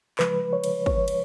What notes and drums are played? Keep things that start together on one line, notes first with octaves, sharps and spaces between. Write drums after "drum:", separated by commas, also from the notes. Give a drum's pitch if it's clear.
C#3 F3 G#3 B4, drum: clap
C#5
drum: cymbal
C#5, drum: kick
drum: cymbal